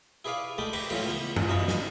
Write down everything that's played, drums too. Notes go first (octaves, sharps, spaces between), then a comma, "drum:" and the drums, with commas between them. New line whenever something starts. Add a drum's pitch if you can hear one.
E4 G#4 B4 D5 F5
G#3 A3 D4 G5 A5 B5
B4 G5 A#5 C#6 D6, drum: cymbal
A2 E3 F#3 C#4 F4 F#4, drum: cymbal
C#2 B3
drum: tom F#2
B2 E3 D#4 F5 B5 C#6
drum: snare